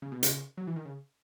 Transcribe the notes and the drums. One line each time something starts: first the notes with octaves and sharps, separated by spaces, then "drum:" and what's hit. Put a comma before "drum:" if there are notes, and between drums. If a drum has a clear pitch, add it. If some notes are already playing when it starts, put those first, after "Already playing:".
C#3
B2
C#3, drum: hi-hat
F#3
E3
D#3
C#3